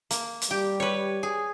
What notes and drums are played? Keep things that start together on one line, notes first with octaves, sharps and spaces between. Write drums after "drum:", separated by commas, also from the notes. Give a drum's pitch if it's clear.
A#3, drum: hi-hat
drum: hi-hat
G3 G4
B4 C#5
G#4